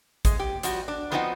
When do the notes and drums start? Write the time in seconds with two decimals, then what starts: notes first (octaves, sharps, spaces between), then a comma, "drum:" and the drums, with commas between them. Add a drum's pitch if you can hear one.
0.25 G#3, drum: kick A1, hi-hat
0.39 G4
0.63 F3 G3 F#4, drum: hi-hat
0.88 D4
1.12 F3 B3 C4 D#4 F4 F#4